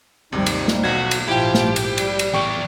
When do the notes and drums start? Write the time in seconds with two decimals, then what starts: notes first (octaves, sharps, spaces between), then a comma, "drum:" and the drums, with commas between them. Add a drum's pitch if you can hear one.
0.32 G#1 D#2 C3 F3 G3 D#4
0.46 drum: cymbal
0.68 drum: snare
0.84 B1 F#4 G#6
1.11 drum: cymbal
1.28 A#1 G#2 F3 E4 G4 G5
1.54 drum: snare
1.76 drum: cymbal
1.98 G3, drum: cymbal
2.19 drum: cymbal
2.34 E2 A2 D5 G5 C#6